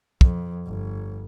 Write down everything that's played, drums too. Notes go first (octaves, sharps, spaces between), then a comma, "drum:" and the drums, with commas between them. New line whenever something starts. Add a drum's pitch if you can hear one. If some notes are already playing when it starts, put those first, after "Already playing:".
F2, drum: kick
G1